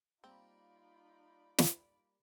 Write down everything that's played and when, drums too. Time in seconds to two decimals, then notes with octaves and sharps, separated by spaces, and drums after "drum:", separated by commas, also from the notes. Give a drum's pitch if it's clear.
0.24 G3 A#3 C4 D#4 F4 D5 B5
1.58 drum: snare